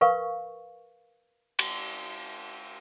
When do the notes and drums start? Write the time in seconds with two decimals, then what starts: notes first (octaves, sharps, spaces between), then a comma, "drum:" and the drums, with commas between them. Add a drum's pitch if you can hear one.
0.01 A#4 B4 F5 C#6
1.59 drum: cymbal